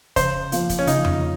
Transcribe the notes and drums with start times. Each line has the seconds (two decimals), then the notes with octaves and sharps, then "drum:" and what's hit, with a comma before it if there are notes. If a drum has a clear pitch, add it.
0.16 C#3 C5, drum: kick, hi-hat
0.52 F3 A#3 F4, drum: hi-hat
0.69 drum: kick, hi-hat
0.79 C#4
0.87 C#3 D#4, drum: hi-hat
1.05 drum: tom F2